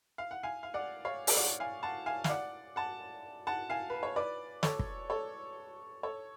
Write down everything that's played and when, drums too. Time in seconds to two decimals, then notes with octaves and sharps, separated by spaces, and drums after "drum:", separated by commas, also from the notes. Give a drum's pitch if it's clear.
0.18 F5
0.31 F#5
0.43 F5 G#5
0.63 F5
0.74 D5 F#5
1.05 C#5 F5
1.27 drum: open hi-hat
1.37 D5 F#5
1.60 F5 G#5
1.83 F#5 A5
2.06 F5 G#5
2.24 F5, drum: snare
2.29 D5 F#5
2.76 F#5 A5
3.47 F#5 A5
3.70 F5 G#5
3.90 B4
4.03 C#5
4.16 B4 D5
4.63 A4 C#5, drum: snare
4.79 drum: kick
5.10 A4 C#5
6.03 A4 C#5